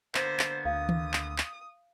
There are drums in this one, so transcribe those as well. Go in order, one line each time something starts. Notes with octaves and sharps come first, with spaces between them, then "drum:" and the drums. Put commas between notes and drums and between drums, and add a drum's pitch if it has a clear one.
D3 A#3 B3 C5, drum: clap
drum: clap
D2 F5 D#6
drum: tom D#3
drum: clap
drum: clap